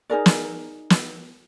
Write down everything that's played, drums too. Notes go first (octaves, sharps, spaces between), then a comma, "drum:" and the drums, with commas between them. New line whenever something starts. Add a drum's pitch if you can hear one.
D#4 G#4 A#4 D5
drum: snare
drum: snare